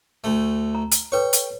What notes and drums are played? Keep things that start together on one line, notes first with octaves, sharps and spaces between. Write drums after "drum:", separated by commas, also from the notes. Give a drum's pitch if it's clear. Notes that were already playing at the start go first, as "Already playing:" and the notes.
D2 A3
A#5
drum: hi-hat
A4 B4 C#5 G5 C#6
drum: hi-hat